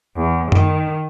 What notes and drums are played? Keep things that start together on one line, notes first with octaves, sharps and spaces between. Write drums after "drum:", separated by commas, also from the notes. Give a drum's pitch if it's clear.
E2
D#3, drum: tom F#2